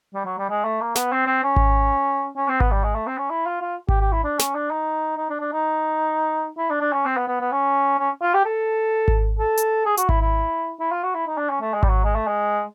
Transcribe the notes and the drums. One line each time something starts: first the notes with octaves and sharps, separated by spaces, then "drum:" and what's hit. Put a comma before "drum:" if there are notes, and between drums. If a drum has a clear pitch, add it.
G3
F#3
G3
G#3
A3
A#3
B3, drum: snare
C4
C4
C#4
drum: kick G#1
C#4
C4
B3, drum: kick G#1
G3
G#3
A3
C4
C#4
E4
F4
F4
G4, drum: kick G#1
G4
E4
D4
C#4, drum: snare
D4
D#4
D#4
D4
D4
D#4
E4
D4
D4
C#4
C4
B3
B3
B3
C#4
C#4
F4
G4
A4
drum: kick G#1
A4
drum: hi-hat
G#4
F#4, drum: hi-hat
E4, drum: kick G#1
E4
E4
F4
F#4
E4
D#4
D4
C#4
A3
G#3
G3, drum: kick G#1
F#3
G#3
A3
G#3